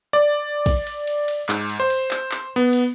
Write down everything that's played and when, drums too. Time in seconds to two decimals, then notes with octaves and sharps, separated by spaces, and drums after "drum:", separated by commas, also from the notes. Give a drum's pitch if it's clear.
0.13 D5
0.66 drum: kick, cymbal
0.87 drum: cymbal
1.07 drum: cymbal
1.28 drum: cymbal
1.49 G#2, drum: clap
1.69 drum: cymbal
1.80 C5
1.90 drum: cymbal
2.11 drum: clap
2.32 drum: clap
2.56 B3
2.73 drum: cymbal